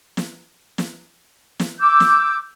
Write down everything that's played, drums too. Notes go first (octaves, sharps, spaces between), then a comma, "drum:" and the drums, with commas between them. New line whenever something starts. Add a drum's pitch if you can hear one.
drum: snare
drum: snare
drum: snare
D6 E6 G6
drum: snare